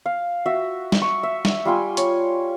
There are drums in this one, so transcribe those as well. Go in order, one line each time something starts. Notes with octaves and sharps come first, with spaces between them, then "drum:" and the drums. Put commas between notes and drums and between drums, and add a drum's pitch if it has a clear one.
F5
F#4 E5
drum: snare
C#6
E5
drum: snare
G3 F4 G5 G#5
C#5, drum: hi-hat